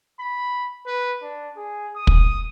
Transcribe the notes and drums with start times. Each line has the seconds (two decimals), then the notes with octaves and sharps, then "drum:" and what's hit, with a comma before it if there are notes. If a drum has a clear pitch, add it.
0.20 B5
0.87 B4
1.22 D4
1.57 G#4
1.96 D#6
2.07 drum: kick